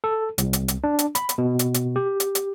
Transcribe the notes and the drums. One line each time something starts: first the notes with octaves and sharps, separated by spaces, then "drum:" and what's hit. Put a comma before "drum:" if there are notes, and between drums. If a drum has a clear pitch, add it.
A4
C2, drum: hi-hat
drum: hi-hat
drum: hi-hat
D4
drum: hi-hat
B5, drum: hi-hat
drum: hi-hat
B2
drum: hi-hat
drum: hi-hat
G4
drum: hi-hat
drum: hi-hat